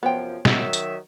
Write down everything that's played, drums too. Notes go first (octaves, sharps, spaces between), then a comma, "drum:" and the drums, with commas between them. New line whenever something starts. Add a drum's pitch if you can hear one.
F#2 C3 F3 B3 C5 C#5 G5
D#3 F#3 E5, drum: snare
drum: tambourine